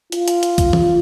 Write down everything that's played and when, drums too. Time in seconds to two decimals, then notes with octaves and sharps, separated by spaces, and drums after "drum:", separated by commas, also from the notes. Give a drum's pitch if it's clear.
0.12 F4, drum: hi-hat
0.28 drum: hi-hat
0.43 drum: hi-hat
0.58 drum: kick B1, hi-hat
0.73 drum: tom E3